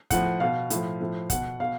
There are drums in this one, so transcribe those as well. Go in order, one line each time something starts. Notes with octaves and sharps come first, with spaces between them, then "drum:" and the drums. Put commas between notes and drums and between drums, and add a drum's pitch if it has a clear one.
A2 F3 F#5, drum: kick, hi-hat
B2 F5
A2 F3, drum: hi-hat
A2 F3
B2 F#5, drum: kick, hi-hat
B2 F5